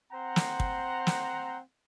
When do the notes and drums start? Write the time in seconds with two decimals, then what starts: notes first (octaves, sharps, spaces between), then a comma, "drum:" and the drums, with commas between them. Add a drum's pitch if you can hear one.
0.13 C4 C5 F#5 A#5
0.36 drum: snare
0.60 drum: kick
1.07 drum: snare